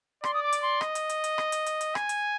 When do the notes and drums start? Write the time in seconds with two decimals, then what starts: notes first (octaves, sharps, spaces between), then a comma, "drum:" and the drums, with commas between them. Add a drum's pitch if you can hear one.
0.24 D5 C6, drum: rim click
0.34 D#6
0.43 D6
0.53 drum: hi-hat
0.62 C6
0.81 D#5, drum: rim click
0.95 drum: hi-hat
1.09 drum: hi-hat
1.24 drum: hi-hat
1.38 drum: rim click
1.52 drum: hi-hat
1.66 drum: hi-hat
1.81 drum: hi-hat
1.95 G#5, drum: rim click
2.09 drum: hi-hat